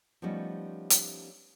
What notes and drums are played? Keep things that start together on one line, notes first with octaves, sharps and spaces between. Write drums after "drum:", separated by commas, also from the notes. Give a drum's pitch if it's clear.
F3 G3 A3 B3 C#4 D#4
drum: hi-hat